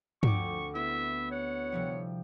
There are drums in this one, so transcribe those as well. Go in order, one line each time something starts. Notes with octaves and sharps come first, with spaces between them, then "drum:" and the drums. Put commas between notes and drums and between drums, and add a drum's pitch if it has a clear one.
D2 F3 C4 C#6 D6, drum: tom G2
B3 E4 E5
C#5 F#5
C3 F3 G3